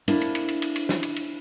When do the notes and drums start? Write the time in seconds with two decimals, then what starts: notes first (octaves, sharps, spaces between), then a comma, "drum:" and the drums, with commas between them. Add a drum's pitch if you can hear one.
0.08 A#3 D4 E4, drum: cymbal
0.21 drum: cymbal
0.35 drum: cymbal
0.48 drum: cymbal
0.62 drum: cymbal
0.76 drum: cymbal
0.89 drum: snare
1.03 drum: cymbal
1.16 drum: cymbal